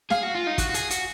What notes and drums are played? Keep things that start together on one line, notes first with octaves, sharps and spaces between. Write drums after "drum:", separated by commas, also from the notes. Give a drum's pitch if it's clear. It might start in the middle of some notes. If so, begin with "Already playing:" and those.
G#4 F5, drum: snare
F#4
F4
D#4
F#4, drum: kick, hi-hat
F#4
G#4, drum: hi-hat
F#4, drum: hi-hat